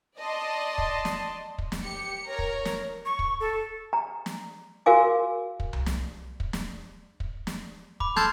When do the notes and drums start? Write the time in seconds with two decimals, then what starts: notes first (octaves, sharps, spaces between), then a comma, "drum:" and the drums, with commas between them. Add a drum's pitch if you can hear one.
0.19 D5 D#5 A5 C6
0.78 drum: kick
1.05 drum: snare
1.58 drum: kick
1.72 drum: snare
1.83 G4 C#7
2.27 A#4 C#5 A#5
2.39 drum: kick
2.65 drum: snare
3.05 C#6
3.19 drum: kick
3.40 A4
3.93 A#5
4.26 drum: snare
4.86 F#4 G#4 A#4 F5 G#5 D6
5.60 drum: kick
5.73 drum: tom C2
5.86 drum: snare
6.40 drum: kick
6.53 drum: snare
7.20 drum: kick
7.47 drum: snare
8.00 B5 D6, drum: kick
8.16 A4 A5 C6 F6 G6 G#6, drum: snare